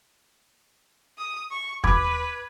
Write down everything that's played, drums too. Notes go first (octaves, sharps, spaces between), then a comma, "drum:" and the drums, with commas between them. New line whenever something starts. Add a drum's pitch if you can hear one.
D#6
C#6
B4 B5 D6 G#6, drum: kick